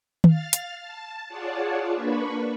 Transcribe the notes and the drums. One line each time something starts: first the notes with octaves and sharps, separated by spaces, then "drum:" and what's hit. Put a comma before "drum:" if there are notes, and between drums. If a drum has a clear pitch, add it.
F5 F6 A6, drum: tom
drum: hi-hat
A5
F4 G#4 C#5 D5 F#5 A5
A#3 D4 B4 B5 C#6